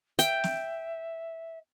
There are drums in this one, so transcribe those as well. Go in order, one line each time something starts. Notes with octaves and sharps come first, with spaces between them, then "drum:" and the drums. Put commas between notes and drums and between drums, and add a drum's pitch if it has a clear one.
E5 G5, drum: hi-hat
drum: snare